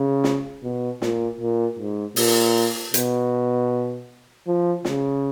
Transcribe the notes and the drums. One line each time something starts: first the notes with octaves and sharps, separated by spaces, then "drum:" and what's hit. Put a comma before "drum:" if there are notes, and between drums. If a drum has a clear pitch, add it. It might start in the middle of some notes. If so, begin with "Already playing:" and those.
Already playing: C#3
drum: snare
B2
A#2, drum: snare
A#2
G#2
A#2, drum: open hi-hat
B2, drum: hi-hat
F3
C#3, drum: snare